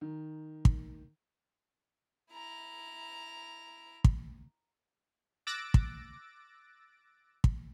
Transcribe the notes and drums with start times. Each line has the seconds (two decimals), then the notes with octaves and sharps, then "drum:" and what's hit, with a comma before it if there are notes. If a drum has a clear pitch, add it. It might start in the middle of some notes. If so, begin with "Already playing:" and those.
0.01 D#3
0.65 drum: kick
2.31 E4 A#5
4.04 drum: kick
5.47 D6 E6 F#6 A6 A#6 D7
5.74 drum: kick
7.44 drum: kick